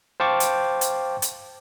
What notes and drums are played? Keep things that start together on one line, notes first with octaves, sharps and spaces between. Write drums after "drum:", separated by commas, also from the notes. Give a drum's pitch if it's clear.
C5 F5 G5 A5 C#6 D6
drum: hi-hat
drum: hi-hat
drum: hi-hat